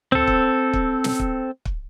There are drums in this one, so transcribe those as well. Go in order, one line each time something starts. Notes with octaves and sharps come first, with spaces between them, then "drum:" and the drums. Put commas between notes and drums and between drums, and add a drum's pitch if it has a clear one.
C4 A4, drum: tom
drum: kick
drum: kick
drum: snare
drum: kick
drum: kick